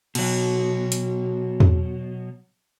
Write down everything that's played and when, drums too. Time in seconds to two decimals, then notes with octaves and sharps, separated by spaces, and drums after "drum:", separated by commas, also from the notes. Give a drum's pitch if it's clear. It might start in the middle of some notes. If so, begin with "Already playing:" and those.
0.15 B2 F#3, drum: cymbal
0.92 drum: hi-hat
1.60 drum: tom E2